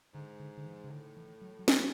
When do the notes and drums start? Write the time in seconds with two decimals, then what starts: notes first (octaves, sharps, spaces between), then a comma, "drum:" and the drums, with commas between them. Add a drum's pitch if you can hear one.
0.14 G#2 D3
0.40 D3
0.57 D3
0.66 E3
0.84 C#3
0.91 A2 D3
1.17 E3
1.42 F#3
1.59 F#3
1.68 G#2, drum: snare